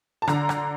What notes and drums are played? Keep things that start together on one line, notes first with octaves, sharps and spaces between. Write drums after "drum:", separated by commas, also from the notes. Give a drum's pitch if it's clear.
A5
D3 A#5, drum: rim click
drum: rim click